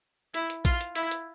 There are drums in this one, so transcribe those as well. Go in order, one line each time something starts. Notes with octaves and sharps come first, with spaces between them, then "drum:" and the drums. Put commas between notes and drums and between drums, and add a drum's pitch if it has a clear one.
E4, drum: hi-hat
drum: hi-hat
F4, drum: kick, hi-hat
drum: hi-hat
E4, drum: hi-hat
drum: hi-hat